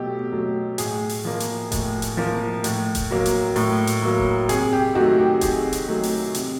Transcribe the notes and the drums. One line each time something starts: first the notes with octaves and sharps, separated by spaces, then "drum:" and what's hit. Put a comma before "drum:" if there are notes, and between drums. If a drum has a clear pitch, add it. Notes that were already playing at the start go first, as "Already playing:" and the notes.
Already playing: B2 F#3 A3 G4
F#3 A3
A2 G#4, drum: hi-hat
drum: open hi-hat
F3 A#3
drum: hi-hat
A2, drum: kick E1, hi-hat
drum: hi-hat
F3 A#3
A2, drum: hi-hat
drum: kick E1, hi-hat
F#3 A#3
drum: hi-hat
A2, drum: open hi-hat
drum: hi-hat
F#3 A#3
drum: kick E1
C3 G#4, drum: hi-hat
G4
D#3 F#3 A3 F#4
G4
C3 G#4, drum: kick E1, hi-hat
drum: hi-hat
D#3 F#3 A3
drum: open hi-hat
C3, drum: hi-hat